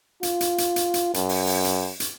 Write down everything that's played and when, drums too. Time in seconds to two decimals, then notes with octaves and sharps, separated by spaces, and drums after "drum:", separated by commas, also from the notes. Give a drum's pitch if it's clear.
0.23 F4, drum: hi-hat
0.41 drum: hi-hat
0.58 drum: hi-hat
0.76 drum: hi-hat
0.94 drum: hi-hat
1.14 F#2, drum: hi-hat
1.29 drum: open hi-hat
1.47 drum: open hi-hat
1.65 drum: hi-hat
2.00 drum: hi-hat